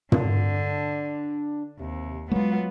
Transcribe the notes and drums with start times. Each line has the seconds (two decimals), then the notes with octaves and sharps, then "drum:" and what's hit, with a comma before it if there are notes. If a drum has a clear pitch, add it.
0.12 D3 D4, drum: tom
1.80 D#2 C3
2.31 F#3 G#3 A3 B3 F4